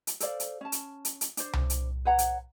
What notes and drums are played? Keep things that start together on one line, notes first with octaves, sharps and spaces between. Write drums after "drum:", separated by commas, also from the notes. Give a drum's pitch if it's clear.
drum: hi-hat
A4 C5 D5 F5, drum: hi-hat
drum: hi-hat
C#4 A5
drum: hi-hat
drum: hi-hat
drum: hi-hat
D4 C5, drum: hi-hat
drum: tom C2
drum: hi-hat
B4 C#5 F#5 A#5
drum: hi-hat